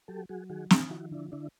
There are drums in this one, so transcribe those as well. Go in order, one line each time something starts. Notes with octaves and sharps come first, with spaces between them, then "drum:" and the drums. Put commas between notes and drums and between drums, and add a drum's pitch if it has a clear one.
F#3 G4 A4
F#3 F#4 G#4
D#3 F#4 G#4
D#3, drum: snare
F3 E4 F#4
D3 D4 E4
D3 D4 E4